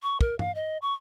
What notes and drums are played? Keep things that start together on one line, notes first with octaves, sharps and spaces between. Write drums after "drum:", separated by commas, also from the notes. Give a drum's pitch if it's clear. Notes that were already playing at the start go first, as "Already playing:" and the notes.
C#6
A#4, drum: kick
F5, drum: tom G2
D#5
C#6